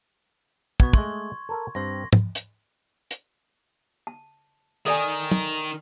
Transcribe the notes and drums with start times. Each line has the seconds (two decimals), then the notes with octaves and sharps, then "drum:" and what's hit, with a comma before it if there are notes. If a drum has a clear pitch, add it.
0.80 B2 B3 C#6 G#6, drum: kick
0.93 G#3 A3 C6, drum: kick
1.49 A4 A#4 A5
1.75 G2 C4 C6 A#6
2.13 drum: tom
2.35 drum: hi-hat
3.11 drum: hi-hat
4.07 A5
4.86 D#3 A4 D5 G#5
5.31 drum: tom